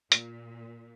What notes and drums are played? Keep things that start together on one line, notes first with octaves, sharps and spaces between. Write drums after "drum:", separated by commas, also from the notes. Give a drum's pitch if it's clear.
A#2, drum: hi-hat